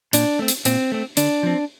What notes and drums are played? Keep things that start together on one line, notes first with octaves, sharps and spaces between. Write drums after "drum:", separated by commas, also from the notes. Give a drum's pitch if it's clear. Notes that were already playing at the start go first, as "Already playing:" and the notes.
A#2 D4, drum: hi-hat
A3 C4
drum: hi-hat
A#2 C4, drum: hi-hat
A3 C4
D3 D4, drum: hi-hat
F3 C4